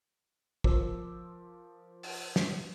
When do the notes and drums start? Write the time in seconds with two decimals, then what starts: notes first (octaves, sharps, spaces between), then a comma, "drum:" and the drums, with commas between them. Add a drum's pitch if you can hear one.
0.64 F3 A#4 C5 D6 E6, drum: kick
2.03 drum: open hi-hat
2.36 drum: snare